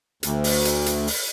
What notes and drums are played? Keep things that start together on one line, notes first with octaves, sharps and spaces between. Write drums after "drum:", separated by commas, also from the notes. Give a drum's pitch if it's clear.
D2, drum: hi-hat
drum: open hi-hat
drum: hi-hat
drum: hi-hat
drum: open hi-hat